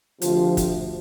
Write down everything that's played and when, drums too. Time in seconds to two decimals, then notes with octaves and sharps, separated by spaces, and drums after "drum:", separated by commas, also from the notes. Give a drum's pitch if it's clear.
0.22 D2 C3 F3, drum: hi-hat
0.57 drum: kick, hi-hat